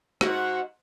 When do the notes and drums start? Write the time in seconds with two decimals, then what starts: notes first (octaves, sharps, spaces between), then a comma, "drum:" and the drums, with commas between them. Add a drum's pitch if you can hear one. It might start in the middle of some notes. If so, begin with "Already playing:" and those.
0.21 G#2 F#4, drum: rim click